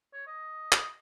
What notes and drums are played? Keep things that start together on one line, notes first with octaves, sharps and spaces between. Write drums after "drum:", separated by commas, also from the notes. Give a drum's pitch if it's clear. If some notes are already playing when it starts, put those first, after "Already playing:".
C#5
D#5
D#5, drum: clap